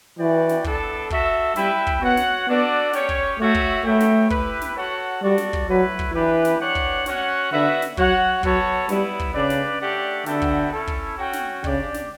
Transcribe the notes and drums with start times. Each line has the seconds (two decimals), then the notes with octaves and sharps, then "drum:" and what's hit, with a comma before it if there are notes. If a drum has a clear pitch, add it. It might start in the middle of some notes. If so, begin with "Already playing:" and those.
0.19 E3 F#4 B4 D5 G5
0.49 drum: snare
0.64 B3 D4 A4, drum: kick
1.10 F#4 A4 E5, drum: kick
1.56 G3 E4 B4 E5 G5, drum: snare
1.87 drum: kick
2.01 B3 F#4 C#5 F#5
2.17 drum: snare
2.47 B3 D4 F#4 A4 D5 F#5
2.93 C#4 G4 C#5, drum: snare
3.09 drum: kick
3.39 A3 F#4 C#5 E5 G5
3.55 drum: kick
3.85 A3 B3 F#4 C#5 E5 G5
4.00 drum: snare
4.30 E4 G4 B4, drum: kick
4.61 drum: snare
4.77 F#4 A4 C#5 F#5
5.22 G3 F#4 A4 D5
5.38 drum: snare
5.53 drum: kick
5.68 F#3 A3 E4 B4
5.99 drum: kick
6.14 E3 D4 G4 B4
6.45 drum: snare
6.60 D4 G4 C#5 F#5
6.75 drum: kick
7.06 C#4 F#4 C#5 F#5, drum: snare
7.52 D3 B3 F#4 B4 E5
7.82 drum: snare
7.97 F#3 F#4 C#5 F#5, drum: kick
8.43 F#3 B3 F#4 A4 C#5, drum: kick
8.89 G3 B3 E4 B4, drum: snare
9.19 drum: kick
9.34 C#3 D4 G4 B4 D5
9.50 drum: snare
9.80 A3 D4 G4 D5 F#5
10.26 D3 B3 F#4 A4 E5 G5, drum: snare
10.42 drum: kick
10.72 C#4 E4 A4
10.87 drum: kick
11.18 C#4 F#4 C#5 G5
11.33 drum: snare
11.64 C#3 D4 G4 D5, drum: kick
11.94 drum: snare